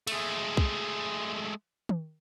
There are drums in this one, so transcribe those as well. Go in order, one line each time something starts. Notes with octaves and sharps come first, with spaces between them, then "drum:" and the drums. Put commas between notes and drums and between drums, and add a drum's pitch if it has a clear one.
G#3 A3, drum: cymbal
drum: kick
drum: tom D#3